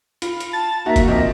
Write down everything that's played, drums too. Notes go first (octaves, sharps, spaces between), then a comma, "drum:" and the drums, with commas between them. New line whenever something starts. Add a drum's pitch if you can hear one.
F4 B5, drum: hi-hat
drum: hi-hat
A5 A6
A#3 D#4 F#4 A#4 E5
drum: kick, hi-hat
A#2 F3 C4 D#5